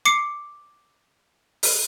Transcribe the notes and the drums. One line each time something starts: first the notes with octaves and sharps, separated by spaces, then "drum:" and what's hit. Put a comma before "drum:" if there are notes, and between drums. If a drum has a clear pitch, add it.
D6 C7 C#7
drum: open hi-hat